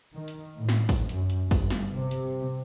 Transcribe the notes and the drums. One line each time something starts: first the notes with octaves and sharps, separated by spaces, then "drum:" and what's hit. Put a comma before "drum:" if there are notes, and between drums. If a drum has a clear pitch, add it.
D#3
drum: hi-hat
A2
drum: snare
drum: kick, open hi-hat
F#2, drum: hi-hat
drum: hi-hat
G1, drum: kick, open hi-hat
drum: snare
C3
drum: hi-hat